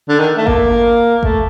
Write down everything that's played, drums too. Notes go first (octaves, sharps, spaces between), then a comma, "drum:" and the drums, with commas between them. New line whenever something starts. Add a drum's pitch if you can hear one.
D3
D#3
A3
A#3, drum: kick G#1
A3, drum: kick G#1